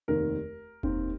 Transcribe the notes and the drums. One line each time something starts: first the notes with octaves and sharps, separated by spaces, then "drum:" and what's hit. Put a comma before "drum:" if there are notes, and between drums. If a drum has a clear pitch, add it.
F1 D#2 D#3 C4 A#4
D#2 D#3 C4, drum: kick F1